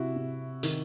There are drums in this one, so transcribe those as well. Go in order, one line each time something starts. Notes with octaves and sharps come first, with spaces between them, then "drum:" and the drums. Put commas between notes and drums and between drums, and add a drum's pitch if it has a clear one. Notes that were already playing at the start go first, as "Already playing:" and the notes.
Already playing: C3 E4 F#4
C3
D#3, drum: hi-hat